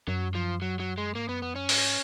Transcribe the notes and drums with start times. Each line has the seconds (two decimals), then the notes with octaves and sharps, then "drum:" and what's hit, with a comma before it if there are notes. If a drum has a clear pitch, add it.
0.08 F#2 F#3
0.35 F3
0.62 F#3
0.80 F#3
0.98 G#3
1.15 G#2 A#3
1.28 F#2 B3
1.42 F2 B3
1.56 F#2 C#4
1.69 G#2, drum: open hi-hat